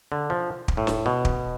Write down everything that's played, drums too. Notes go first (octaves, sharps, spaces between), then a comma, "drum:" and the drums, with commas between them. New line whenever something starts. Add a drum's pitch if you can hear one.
D3
F3
drum: kick
A2
drum: snare
B2
drum: kick